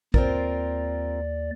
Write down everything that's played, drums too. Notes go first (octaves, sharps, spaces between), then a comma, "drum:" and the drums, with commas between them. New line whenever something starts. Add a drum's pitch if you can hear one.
D#2 C4 F4 A#4 D5, drum: kick